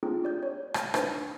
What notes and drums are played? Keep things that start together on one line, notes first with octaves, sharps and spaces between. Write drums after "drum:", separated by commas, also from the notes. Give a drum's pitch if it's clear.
C4 D4 D#4 F4 G#4
G4 D5 G6
C#5
drum: rim click
D4 D#4 B4 C5 E5, drum: rim click